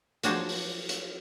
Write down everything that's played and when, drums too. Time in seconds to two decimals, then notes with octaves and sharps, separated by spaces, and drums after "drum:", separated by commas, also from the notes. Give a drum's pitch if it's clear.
0.23 F3 F#3 D4 F#4 G#4 C5, drum: hi-hat
0.49 drum: open hi-hat
0.89 drum: hi-hat